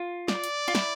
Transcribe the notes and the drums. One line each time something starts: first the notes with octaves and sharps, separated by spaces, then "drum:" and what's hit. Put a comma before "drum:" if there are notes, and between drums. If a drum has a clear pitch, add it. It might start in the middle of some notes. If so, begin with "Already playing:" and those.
Already playing: F4
D5, drum: snare
drum: hi-hat
F4
E4, drum: snare